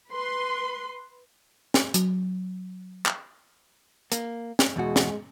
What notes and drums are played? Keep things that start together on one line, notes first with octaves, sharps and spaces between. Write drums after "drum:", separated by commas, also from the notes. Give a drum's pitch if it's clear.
B4 C6
drum: snare
F#3, drum: hi-hat
drum: clap
A#3, drum: hi-hat
drum: snare
E2 B2 G#3 F#4
drum: snare